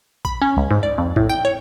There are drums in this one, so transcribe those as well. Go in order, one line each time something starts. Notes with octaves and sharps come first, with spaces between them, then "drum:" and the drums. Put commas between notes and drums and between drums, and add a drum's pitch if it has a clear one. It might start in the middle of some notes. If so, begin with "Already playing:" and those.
B5, drum: kick
C#4
C#2
G#2
D5
F2
A2, drum: kick
G5
C#5